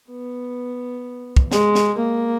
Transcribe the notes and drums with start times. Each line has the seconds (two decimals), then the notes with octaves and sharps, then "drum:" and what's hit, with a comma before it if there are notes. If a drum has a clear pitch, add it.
0.11 B3
1.37 drum: kick
1.52 G#3, drum: snare
1.75 drum: snare
1.98 A#3